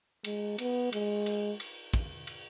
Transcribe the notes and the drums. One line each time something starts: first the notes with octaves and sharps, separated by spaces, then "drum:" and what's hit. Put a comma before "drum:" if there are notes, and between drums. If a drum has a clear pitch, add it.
G#3, drum: cymbal
B3, drum: cymbal
G#3, drum: cymbal
drum: cymbal
drum: cymbal
drum: kick, cymbal
drum: cymbal